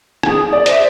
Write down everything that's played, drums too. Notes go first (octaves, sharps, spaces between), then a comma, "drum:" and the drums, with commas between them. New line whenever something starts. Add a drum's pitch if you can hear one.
G#4, drum: rim click
D5
C5 E5, drum: hi-hat